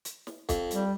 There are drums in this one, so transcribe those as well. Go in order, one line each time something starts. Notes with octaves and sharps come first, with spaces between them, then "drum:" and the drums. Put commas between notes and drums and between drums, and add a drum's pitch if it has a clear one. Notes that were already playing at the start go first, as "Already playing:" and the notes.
drum: hi-hat
drum: snare
F2, drum: kick, hi-hat
G3, drum: hi-hat